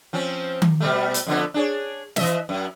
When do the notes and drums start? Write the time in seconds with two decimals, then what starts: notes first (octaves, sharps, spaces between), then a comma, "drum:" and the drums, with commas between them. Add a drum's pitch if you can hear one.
0.13 F3 C4 C#4
0.62 drum: tom D#3
0.80 B2 G3 A3
1.14 drum: hi-hat
1.27 F2 D3 B3
1.54 D4 G#4 C#5
2.16 E3 D#5 E5, drum: snare
2.49 F#2